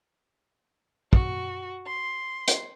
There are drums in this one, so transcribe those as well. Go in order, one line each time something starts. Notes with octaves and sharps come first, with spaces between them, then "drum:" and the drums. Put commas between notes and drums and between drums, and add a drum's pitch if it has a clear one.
F#4, drum: kick
C6
drum: hi-hat